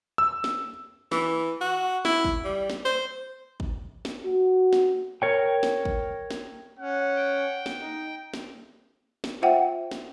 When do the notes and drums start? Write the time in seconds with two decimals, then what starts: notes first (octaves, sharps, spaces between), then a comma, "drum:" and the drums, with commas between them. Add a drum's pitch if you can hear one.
0.18 E6
0.44 drum: snare
1.12 E3, drum: snare
1.61 F#4
2.05 E4, drum: snare
2.24 drum: kick
2.45 G3
2.70 drum: snare
2.85 C5
3.60 drum: kick
4.05 drum: snare
4.25 F#4
4.73 drum: snare
5.22 A#4 C#5 G5
5.63 drum: snare
5.85 drum: kick
6.31 drum: snare
6.79 C#4 F#5
7.16 G5
7.66 drum: snare
7.79 D#4
8.34 drum: snare
9.24 drum: snare
9.42 F4 C5 E5 F#5 G5
9.91 drum: snare